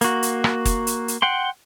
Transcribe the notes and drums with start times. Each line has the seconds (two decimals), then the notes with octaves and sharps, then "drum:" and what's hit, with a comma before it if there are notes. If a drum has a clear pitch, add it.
0.01 A#3 F#4, drum: hi-hat
0.23 drum: hi-hat
0.44 drum: rim click
0.65 drum: kick, hi-hat
0.87 drum: hi-hat
1.08 drum: hi-hat
1.22 F#5 G5 C6